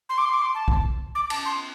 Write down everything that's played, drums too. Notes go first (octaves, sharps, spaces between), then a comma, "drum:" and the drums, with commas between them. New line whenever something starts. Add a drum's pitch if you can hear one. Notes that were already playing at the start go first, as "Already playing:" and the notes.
C6
D6
C6
D6
C6
A5
drum: kick
D6
A5, drum: cymbal
C6